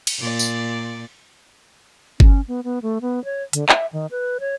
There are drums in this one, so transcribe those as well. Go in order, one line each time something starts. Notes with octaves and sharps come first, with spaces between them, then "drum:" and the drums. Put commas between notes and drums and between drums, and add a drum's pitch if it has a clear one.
drum: cymbal
A#2 D5
drum: tambourine
C#4, drum: kick G1
B3
B3
A3
B3
C#5
D3, drum: hi-hat
E5, drum: clap
D#3
B4
C#5